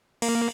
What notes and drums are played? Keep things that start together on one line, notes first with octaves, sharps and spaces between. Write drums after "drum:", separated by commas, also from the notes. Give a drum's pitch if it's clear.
A#3, drum: cymbal